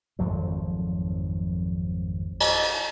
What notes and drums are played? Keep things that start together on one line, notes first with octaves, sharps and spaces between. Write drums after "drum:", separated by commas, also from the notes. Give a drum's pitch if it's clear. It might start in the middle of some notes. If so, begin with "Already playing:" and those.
G#1 F2 F3 F#3
drum: cymbal
drum: open hi-hat